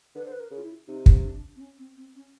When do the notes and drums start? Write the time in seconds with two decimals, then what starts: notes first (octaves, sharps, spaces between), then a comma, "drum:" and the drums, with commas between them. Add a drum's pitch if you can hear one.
0.15 D3 B4
0.25 C5
0.32 B4
0.40 A#4
0.51 C#3
0.57 F4
0.64 E4
0.87 C3 D#4
1.06 drum: kick
1.23 D4
1.56 C4
1.60 C#4
1.78 C4
1.96 C4
2.15 C#4